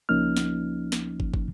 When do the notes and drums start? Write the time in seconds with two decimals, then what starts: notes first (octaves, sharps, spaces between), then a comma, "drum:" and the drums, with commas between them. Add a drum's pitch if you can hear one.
0.09 C#2 F3 A#3 C#4 D#4 F6
0.37 drum: snare
0.92 drum: snare
1.20 drum: kick
1.34 drum: kick